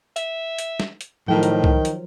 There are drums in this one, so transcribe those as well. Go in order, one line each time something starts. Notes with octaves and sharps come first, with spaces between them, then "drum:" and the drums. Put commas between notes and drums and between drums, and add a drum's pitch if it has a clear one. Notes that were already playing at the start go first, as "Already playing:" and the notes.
E5, drum: hi-hat
drum: hi-hat
drum: snare
drum: hi-hat
A2 D#3 F3 F#3 A#4 G5
drum: hi-hat
drum: kick C2
drum: hi-hat